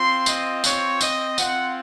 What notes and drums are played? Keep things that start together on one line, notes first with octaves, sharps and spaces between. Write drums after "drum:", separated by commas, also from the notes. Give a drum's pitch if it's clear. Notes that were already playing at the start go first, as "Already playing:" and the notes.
Already playing: C4 F4 C6
D#5, drum: tambourine
C#5, drum: tambourine
D#5, drum: tambourine
C4 F4 F#5, drum: tambourine